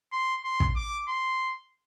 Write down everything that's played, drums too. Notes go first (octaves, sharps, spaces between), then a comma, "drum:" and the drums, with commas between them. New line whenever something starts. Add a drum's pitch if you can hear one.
C6
C6
drum: kick
D6
C6